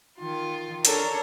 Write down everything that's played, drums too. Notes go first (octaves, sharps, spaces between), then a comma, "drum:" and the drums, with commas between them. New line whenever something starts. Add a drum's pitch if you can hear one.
D#3 F4
D4 A4 A#4 C#5, drum: hi-hat